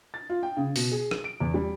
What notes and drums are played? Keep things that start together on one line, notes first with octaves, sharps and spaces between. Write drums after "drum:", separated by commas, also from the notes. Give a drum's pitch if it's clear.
A6
F4
G5
C#3
B2, drum: open hi-hat
G#4
drum: rim click
D7
E2
G3